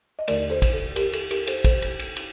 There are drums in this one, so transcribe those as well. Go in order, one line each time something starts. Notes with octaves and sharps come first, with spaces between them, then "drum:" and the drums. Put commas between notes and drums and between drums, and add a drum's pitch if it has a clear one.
D#5
D#2 D3 A3 A#4 D5, drum: cymbal
A4 C5
drum: kick, cymbal
A4
G4 A#4, drum: cymbal
A4, drum: cymbal
G4 A#4, drum: cymbal
A4 C5, drum: cymbal
A4 C5, drum: kick, cymbal
drum: cymbal
drum: cymbal
drum: cymbal